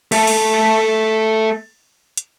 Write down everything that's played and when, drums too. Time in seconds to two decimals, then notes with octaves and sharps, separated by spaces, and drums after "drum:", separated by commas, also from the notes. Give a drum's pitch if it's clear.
0.12 A3 A4, drum: cymbal
0.27 drum: cymbal
2.17 drum: hi-hat